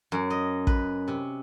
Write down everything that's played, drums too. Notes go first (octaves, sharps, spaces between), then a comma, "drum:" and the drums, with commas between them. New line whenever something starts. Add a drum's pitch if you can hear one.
F#2
D#5
B4, drum: kick
C3